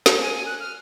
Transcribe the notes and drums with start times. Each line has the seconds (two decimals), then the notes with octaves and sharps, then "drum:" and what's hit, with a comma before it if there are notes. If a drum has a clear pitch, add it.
0.06 drum: snare
0.22 G#5
0.46 F#6
0.60 F6